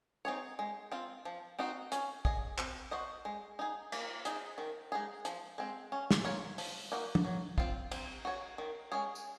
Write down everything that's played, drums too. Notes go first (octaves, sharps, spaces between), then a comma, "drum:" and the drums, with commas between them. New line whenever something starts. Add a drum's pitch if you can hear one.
C4 D#4 G#4 C#5
G#3
C4 F4
F3
C4 D#4 F#4
C#4, drum: hi-hat
G#4 D#5, drum: kick
C4, drum: clap
F#4 C5 D#5
G#3
D#4 G#4
A#3, drum: cymbal
D#4 G#4, drum: hi-hat
D#3
G#3 D#4 G#4
F3, drum: hi-hat
G#3 C4
C#4
drum: snare
F4 A#4 C#5
F3, drum: open hi-hat
A#3 D#4 F#4
drum: tom
F#3
C4 F4, drum: kick
C4, drum: cymbal
F#4 C#5
D#3
G#3 C#4 G#4
drum: tambourine